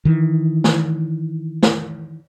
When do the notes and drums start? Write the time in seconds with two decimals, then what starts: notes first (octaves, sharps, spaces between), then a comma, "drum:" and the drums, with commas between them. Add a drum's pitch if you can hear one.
0.05 D#3 E3
0.64 drum: snare
1.63 drum: snare